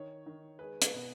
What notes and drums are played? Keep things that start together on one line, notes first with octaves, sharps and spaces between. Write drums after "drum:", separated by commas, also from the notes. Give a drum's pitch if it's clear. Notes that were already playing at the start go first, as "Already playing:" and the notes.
Already playing: D#3 C#5
D#3
G#3 B4
B4, drum: hi-hat
B2